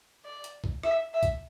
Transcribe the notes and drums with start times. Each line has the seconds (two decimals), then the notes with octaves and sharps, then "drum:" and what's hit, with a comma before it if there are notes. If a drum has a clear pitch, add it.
0.25 D5
0.44 drum: hi-hat
0.64 drum: kick
0.83 E5, drum: rim click
1.13 E5
1.23 drum: kick, hi-hat